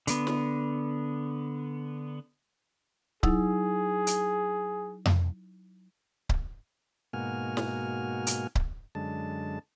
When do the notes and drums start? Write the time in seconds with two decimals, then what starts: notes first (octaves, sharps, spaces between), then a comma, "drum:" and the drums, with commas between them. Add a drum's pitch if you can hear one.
0.07 D3 B3, drum: hi-hat
0.27 drum: snare
3.23 F#3 D#4 E4 G#4, drum: kick C#1
4.07 drum: hi-hat
5.06 drum: tom F2
6.29 drum: kick C#1
7.13 G#2 B2 A#3 F#4 G#5 F6
7.57 drum: snare
8.27 drum: hi-hat
8.55 drum: kick C#1
8.95 F#2 D3 G#3 A5